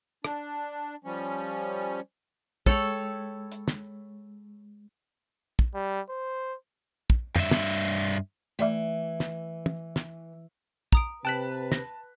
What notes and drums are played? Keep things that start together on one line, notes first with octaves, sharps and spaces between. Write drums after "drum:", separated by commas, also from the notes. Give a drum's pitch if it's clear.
D4, drum: rim click
F3 G3 C#4
G#3 A4 C#5 G5 B5 E6, drum: kick
drum: hi-hat
drum: snare
drum: kick
G3
C5
drum: kick
G2 E5, drum: tom
drum: snare
E3 A3 D5 E5
drum: snare
drum: tom
drum: snare
A#5 D#6 D7, drum: kick
C3 B4 G5 A5 F#6 B6 E7 F#7
A#6, drum: snare